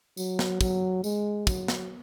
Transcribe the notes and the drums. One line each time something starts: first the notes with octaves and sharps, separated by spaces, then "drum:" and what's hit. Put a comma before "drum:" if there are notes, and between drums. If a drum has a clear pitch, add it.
F#3, drum: tambourine
drum: snare
F#3, drum: kick, tambourine
G#3, drum: tambourine
F#3, drum: kick, tambourine
drum: snare